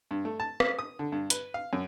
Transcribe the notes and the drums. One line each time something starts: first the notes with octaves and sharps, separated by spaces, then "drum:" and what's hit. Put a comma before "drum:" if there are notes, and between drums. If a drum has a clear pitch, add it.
G2
A3
A5
F5, drum: rim click
D#6
D3
G2
B4, drum: hi-hat
F5
F#2